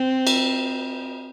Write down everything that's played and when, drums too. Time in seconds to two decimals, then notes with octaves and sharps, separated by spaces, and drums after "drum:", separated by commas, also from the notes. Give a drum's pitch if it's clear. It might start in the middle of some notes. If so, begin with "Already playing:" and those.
Already playing: C4
0.27 drum: cymbal